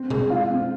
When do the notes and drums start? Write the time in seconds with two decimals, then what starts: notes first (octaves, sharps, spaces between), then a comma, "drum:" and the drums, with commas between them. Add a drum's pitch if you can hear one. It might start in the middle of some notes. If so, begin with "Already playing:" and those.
Already playing: C4
0.10 G#3, drum: tom B2
0.30 F4
0.50 C4